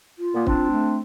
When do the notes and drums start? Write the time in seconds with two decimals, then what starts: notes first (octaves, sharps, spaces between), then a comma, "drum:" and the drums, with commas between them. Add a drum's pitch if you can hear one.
0.19 F4
0.34 A#2 A#3 B3
0.47 C4 D4, drum: kick
0.71 A3